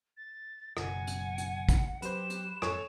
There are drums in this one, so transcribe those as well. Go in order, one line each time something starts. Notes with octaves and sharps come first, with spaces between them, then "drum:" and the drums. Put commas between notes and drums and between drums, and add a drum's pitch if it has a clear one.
A6
F#1 F#2 B2 F#5 G#5, drum: rim click
drum: hi-hat
drum: hi-hat
drum: kick, hi-hat
F#3 G4 B4 C5 E7, drum: hi-hat
drum: hi-hat
F2 G#2 A4 C#5 G#5 C#6, drum: rim click